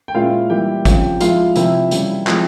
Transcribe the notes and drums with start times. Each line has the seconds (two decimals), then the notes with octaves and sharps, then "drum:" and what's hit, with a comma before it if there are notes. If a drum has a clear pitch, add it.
0.08 G5
0.14 A#2 G#3 C#4 E4 F4 F5
0.50 E3 G3 A#3 E4 G4 G5
0.85 C#3 F3 C4, drum: kick, hi-hat
1.21 F3 G#3 E4 F4 F5, drum: hi-hat
1.56 C3 F3 C4 E4 E5, drum: hi-hat
1.91 C#3 E3 G3, drum: hi-hat
2.27 F3 G#3 C4 E4, drum: clap